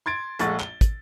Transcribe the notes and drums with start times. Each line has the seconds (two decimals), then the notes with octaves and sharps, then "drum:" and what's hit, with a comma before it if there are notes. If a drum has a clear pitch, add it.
0.06 C6 G#6 A6 D7
0.39 A#1 G#3 A3 F#5 C#6 A6, drum: hi-hat
0.60 G7, drum: clap
0.81 drum: kick, hi-hat